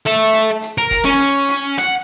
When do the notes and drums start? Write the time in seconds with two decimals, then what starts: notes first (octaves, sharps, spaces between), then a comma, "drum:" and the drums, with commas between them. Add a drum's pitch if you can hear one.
0.06 A4 E5
0.33 drum: hi-hat
0.62 drum: hi-hat
0.78 A#4
0.91 drum: kick F1, hi-hat
1.05 C#4
1.20 drum: hi-hat
1.49 drum: hi-hat
1.78 F#5, drum: hi-hat